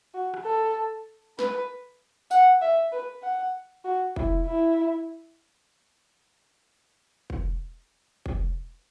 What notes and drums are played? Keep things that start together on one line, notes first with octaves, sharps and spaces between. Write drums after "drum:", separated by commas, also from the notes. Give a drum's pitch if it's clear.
F#4
drum: rim click
A4
B4, drum: snare
F#5, drum: tambourine
E5
B4
F#5
F#4
E4, drum: kick
E4
drum: kick
drum: kick